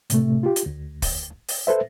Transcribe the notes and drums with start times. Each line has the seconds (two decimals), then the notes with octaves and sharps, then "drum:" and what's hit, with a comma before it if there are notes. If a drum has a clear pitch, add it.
0.10 A2 C3 A3, drum: hi-hat
0.43 F4 G4
0.56 drum: hi-hat
0.66 D2
1.02 drum: kick, open hi-hat
1.48 drum: open hi-hat
1.67 A4 B4 C5 E5